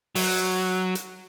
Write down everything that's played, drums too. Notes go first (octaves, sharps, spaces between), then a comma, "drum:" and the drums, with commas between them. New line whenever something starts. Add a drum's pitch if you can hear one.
F#3, drum: open hi-hat
drum: hi-hat